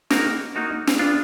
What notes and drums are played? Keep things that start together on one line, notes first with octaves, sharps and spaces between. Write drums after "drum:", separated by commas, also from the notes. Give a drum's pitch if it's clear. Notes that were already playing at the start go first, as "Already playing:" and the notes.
A#3 D#4 F#4 A#4, drum: snare
A#3 D#4 F#4 A#4
drum: snare
B3 D4 F4